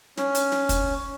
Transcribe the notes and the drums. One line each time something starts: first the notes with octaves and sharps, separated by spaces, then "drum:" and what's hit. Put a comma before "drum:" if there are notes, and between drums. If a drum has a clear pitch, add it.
C#4, drum: snare
drum: hi-hat
drum: snare
drum: kick, hi-hat